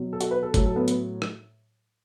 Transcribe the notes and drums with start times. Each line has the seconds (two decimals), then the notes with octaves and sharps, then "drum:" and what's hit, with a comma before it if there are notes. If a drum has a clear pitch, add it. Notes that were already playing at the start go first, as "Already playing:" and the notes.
Already playing: B2 F#3
0.13 A4
0.21 F#4, drum: hi-hat
0.31 B4
0.43 A4
0.54 A2 F#3 A4, drum: kick, hi-hat
0.66 A4
0.76 B3
0.88 B3, drum: hi-hat
1.22 drum: rim click